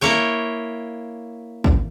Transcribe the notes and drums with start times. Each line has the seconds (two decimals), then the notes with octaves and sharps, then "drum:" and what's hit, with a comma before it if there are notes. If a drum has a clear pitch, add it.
0.01 A#3 E4 C#5 G5
1.64 drum: kick